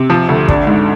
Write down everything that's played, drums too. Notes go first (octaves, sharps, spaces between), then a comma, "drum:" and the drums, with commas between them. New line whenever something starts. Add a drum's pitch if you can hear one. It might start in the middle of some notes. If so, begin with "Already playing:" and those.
Already playing: C3
F3
D2
D4, drum: kick
G#2